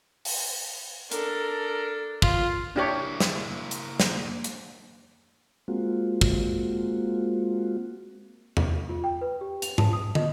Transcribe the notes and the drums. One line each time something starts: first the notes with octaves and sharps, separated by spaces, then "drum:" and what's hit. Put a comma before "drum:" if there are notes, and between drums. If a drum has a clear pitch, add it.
drum: open hi-hat
D4 A4 A#4, drum: hi-hat
F4, drum: kick
A#3 D4 E4 G4 C#5
drum: snare
drum: hi-hat
drum: snare
drum: hi-hat
G#3 A#3 C4 F4 F#4
drum: kick
drum: tom E2
F4
G5
B4
G4
F7, drum: hi-hat
A5, drum: tom G#2
D#6
D#5, drum: tom